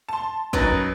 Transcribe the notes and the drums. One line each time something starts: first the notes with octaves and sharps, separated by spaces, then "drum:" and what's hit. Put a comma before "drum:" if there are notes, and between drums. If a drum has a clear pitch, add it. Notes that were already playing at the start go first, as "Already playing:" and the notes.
A5 C6
F#2 D#4 A#4 B4 C#6 A6, drum: kick